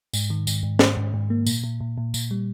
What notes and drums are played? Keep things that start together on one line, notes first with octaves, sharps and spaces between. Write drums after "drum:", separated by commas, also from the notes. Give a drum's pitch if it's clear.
G#2, drum: tambourine
D#3
G#2, drum: tambourine
G#2
G#2, drum: snare
G#2
G#2
A#3
A#2, drum: tambourine
A#2
A#2
A#2
A#2, drum: tambourine
G3